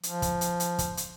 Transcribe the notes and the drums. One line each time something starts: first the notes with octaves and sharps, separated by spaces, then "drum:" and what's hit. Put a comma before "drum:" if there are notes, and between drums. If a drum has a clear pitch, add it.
F3, drum: hi-hat
drum: kick, hi-hat
drum: hi-hat
drum: hi-hat
drum: kick, hi-hat
drum: hi-hat